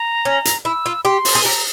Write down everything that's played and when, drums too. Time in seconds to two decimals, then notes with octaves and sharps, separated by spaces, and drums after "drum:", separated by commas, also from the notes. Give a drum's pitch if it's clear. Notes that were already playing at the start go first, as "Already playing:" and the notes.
Already playing: A#5
0.25 C#4
0.45 drum: hi-hat
0.65 E4 E6
0.86 F4
1.05 G4 C6
1.25 drum: open hi-hat
1.35 G#4
1.45 G4 A#5